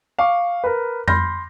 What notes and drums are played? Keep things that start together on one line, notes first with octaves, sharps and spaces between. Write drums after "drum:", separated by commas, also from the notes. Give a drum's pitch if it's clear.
F5 C#6 D6
A#4 B4
B5 C6 F6 G6 A#6, drum: tom F2